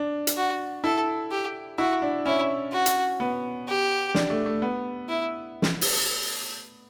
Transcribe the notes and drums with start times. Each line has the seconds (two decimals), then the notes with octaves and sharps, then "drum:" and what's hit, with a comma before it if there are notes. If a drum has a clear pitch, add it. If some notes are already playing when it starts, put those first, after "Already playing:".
Already playing: D4
0.27 drum: hi-hat
0.37 F#4
0.84 E4 A4
1.31 G4
1.78 E4 F#4
2.02 D4
2.26 C#4 E4
2.72 F#4
2.86 drum: hi-hat
3.20 B3
3.68 G4
4.15 D4, drum: snare
4.30 A3
4.46 A3
4.62 B3
5.09 E4
5.62 drum: snare
5.81 drum: open hi-hat